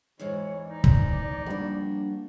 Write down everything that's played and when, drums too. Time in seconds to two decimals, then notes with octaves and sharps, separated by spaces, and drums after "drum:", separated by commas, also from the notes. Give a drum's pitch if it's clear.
0.19 E2 G#2 E3 C#5
0.68 D#4 D5
0.84 drum: kick
1.46 F3 G3 A#3 D4 F#4